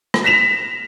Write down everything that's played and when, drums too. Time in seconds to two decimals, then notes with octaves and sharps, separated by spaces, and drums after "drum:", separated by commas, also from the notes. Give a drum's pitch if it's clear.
0.14 drum: rim click
0.24 A#6 B6 E7 F7